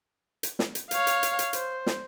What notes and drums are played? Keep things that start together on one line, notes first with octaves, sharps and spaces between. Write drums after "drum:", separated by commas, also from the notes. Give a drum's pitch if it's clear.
drum: hi-hat
drum: snare
drum: hi-hat
C#5 F5, drum: hi-hat
drum: hi-hat
drum: hi-hat
drum: hi-hat
C5, drum: hi-hat
drum: snare